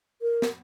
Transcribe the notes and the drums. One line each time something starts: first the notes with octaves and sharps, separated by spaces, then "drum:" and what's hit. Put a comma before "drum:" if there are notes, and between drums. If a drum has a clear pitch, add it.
A#4
drum: snare